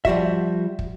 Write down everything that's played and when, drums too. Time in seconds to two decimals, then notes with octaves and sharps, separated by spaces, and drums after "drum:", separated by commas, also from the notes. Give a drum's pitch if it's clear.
0.05 F3 G3 F#4 E5, drum: kick
0.79 drum: kick